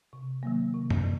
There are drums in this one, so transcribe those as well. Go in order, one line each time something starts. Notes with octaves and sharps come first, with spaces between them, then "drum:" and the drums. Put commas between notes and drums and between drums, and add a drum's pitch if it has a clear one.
C3
D#3 F#3 A#3
C3
drum: tom F#2
E3